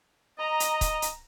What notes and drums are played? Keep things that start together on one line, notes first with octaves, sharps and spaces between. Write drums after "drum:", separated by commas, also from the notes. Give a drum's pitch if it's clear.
D#5 A#5
drum: hi-hat
drum: kick, hi-hat
drum: hi-hat